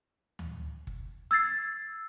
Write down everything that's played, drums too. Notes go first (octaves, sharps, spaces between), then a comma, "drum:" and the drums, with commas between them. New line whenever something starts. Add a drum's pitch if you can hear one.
drum: tom D2
drum: kick F#1
E6 G#6 A6 C7